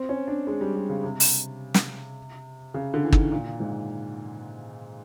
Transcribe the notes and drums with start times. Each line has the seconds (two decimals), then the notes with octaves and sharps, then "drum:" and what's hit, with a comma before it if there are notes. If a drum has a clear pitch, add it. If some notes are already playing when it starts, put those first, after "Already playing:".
Already playing: C4
0.09 C#4
0.28 D4
0.47 G#3
0.61 G3
0.75 G3
0.89 C#3
1.04 C3
1.20 drum: open hi-hat
1.74 drum: snare
2.74 C#3
2.94 D3
3.04 E3
3.12 D#3, drum: kick
3.32 A#2
3.60 G#2